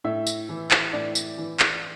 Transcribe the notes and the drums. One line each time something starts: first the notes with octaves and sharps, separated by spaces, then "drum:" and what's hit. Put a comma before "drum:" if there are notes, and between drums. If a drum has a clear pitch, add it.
A2 E5
drum: tambourine
E3
drum: clap
A2 D5
drum: tambourine
E3
drum: clap